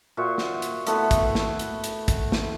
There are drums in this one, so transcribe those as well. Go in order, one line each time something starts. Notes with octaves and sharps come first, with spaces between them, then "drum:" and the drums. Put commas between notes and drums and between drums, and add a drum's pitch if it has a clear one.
A#2 F#4 C5 E5
drum: snare
drum: hi-hat
A3 B3 E4 E5, drum: hi-hat
drum: kick, hi-hat
drum: snare
drum: hi-hat
drum: hi-hat
drum: kick, hi-hat
drum: snare